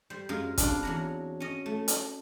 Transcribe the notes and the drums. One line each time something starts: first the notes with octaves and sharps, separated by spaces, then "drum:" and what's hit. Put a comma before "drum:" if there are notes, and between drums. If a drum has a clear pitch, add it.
G3 C5
F#2 G#3 F4
C4 D4 F4 B4, drum: kick, hi-hat
E2 F#3 A#5
C#4 D#5
A3
drum: hi-hat